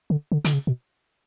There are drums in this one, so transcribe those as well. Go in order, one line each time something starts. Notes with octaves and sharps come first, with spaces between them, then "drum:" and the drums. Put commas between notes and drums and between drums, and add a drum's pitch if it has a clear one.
D3
D3
D3, drum: hi-hat
C#3
B2